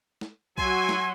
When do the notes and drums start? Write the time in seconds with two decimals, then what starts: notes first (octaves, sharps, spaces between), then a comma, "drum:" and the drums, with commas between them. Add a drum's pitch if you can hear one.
0.21 drum: snare
0.58 F#3 F#4 E5 G#5 C6, drum: kick
0.89 drum: snare